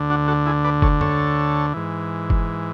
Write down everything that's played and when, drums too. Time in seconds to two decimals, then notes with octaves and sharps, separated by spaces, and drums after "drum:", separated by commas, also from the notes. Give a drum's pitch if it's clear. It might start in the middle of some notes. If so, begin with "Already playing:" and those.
Already playing: D2 D3
0.10 D4 F#4
0.28 F#4 A4
0.46 E4 G#4
0.64 B4 D5
0.82 A4 C#5, drum: kick F#1
1.01 A4 C#5, drum: tom F2
1.74 G#2 E3
2.30 drum: kick F#1